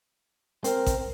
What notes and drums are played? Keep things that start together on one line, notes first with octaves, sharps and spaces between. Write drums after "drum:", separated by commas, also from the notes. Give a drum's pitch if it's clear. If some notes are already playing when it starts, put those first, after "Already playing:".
C4 A#4, drum: hi-hat
drum: kick A1, hi-hat